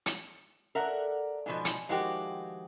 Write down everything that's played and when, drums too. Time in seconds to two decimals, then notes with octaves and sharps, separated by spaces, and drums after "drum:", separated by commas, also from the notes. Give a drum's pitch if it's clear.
0.06 drum: hi-hat
0.75 A4 A#4 D5 E5 F#5
1.46 G#2 B2 F3 G#5
1.65 drum: hi-hat
1.89 D#3 F3 G#3 F#4 G4